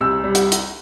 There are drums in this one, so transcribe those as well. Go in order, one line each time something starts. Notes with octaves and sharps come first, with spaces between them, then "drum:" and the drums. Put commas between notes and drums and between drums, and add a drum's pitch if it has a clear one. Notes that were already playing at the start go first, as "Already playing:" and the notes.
C2 E6
G3
drum: hi-hat
drum: hi-hat